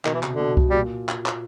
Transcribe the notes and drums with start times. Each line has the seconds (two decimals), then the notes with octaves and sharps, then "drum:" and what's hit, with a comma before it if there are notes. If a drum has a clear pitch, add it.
0.05 B2 D#3, drum: clap
0.14 E3
0.23 C3, drum: clap
0.32 D3
0.40 B2
0.57 drum: kick C2
0.70 A#2 G3
1.09 drum: clap
1.26 drum: clap